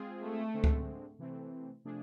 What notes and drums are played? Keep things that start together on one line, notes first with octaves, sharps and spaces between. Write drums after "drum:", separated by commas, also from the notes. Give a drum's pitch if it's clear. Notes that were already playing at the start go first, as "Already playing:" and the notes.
Already playing: G#3 C4 F4 G#4
A3
D3 G#3 C4
drum: kick C#2
C3 E3 A3 C4
C3 F3 A3 D4 G#4